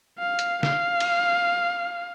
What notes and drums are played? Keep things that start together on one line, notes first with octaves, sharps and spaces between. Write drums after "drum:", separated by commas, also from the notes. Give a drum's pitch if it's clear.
F5
drum: hi-hat
F5, drum: snare
drum: cymbal